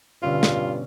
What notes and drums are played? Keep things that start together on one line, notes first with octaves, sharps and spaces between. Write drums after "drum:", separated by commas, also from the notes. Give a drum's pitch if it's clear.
G2 B2 D3 C#4 F4
drum: snare